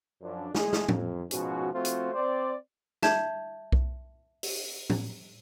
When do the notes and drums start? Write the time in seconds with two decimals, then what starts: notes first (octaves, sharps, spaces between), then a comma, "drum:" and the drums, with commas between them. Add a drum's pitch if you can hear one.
0.21 F#2 F3 D4
0.55 G#3 A3 G#4, drum: snare
0.73 drum: snare
0.88 F2, drum: tom A2
1.31 G#2 B2 F3 C#4 F#4, drum: hi-hat
1.73 F3 A3 C4 F4 F#4 C5
1.85 drum: hi-hat
2.13 C4 C5 D5
3.03 E5 A5 G6 G#6, drum: snare
3.72 drum: kick B1
4.43 drum: open hi-hat
4.90 drum: tom A2